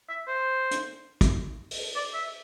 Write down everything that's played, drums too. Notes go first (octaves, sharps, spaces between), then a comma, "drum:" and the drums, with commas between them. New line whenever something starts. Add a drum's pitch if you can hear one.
E5
C5
drum: hi-hat
drum: kick, hi-hat
drum: open hi-hat
D5
E5